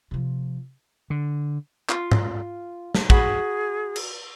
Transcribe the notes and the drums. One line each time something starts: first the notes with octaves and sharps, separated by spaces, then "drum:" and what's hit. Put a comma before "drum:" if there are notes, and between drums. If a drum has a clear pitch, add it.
C3 F3
D3
F4, drum: clap
drum: tom G#2
drum: snare
F#4 G#4 B5, drum: kick
drum: cymbal